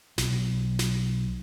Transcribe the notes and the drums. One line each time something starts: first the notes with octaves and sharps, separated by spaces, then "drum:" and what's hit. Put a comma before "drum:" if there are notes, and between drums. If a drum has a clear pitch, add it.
B1, drum: snare
drum: snare